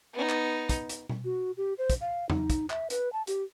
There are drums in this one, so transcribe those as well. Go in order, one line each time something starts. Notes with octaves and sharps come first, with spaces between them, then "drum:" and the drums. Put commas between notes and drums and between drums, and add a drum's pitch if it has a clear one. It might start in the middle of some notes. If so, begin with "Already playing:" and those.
B3 D#4
drum: clap
drum: kick, hi-hat
drum: hi-hat
drum: tom B2
F#4
G4
C5
drum: kick, hi-hat
F5
D#4, drum: tom
drum: kick, hi-hat
E5, drum: clap
B4, drum: hi-hat
A5
G4, drum: hi-hat